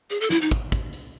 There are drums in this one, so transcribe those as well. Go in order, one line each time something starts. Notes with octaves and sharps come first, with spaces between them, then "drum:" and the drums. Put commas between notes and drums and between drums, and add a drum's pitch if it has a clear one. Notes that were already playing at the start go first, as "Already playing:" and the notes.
G#4, drum: hi-hat
A4
E4, drum: snare
D#4
drum: kick, hi-hat
drum: kick, hi-hat
drum: hi-hat